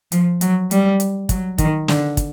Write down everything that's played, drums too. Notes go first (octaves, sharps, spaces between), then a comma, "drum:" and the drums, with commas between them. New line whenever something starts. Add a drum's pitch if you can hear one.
F3, drum: hi-hat
F#3, drum: hi-hat
G3, drum: hi-hat
drum: hi-hat
F#3, drum: kick, hi-hat
D#3, drum: kick, hi-hat
D3, drum: snare
drum: kick, hi-hat